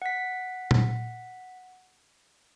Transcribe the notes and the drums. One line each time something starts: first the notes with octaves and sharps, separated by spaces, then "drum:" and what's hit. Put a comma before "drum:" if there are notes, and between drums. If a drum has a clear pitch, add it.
F#5 B6
drum: tom A#2